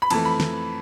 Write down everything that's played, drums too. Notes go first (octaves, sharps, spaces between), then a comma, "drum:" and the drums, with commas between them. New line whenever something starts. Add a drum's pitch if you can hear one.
B5
F2 E3 A3 A5, drum: cymbal
B5
drum: snare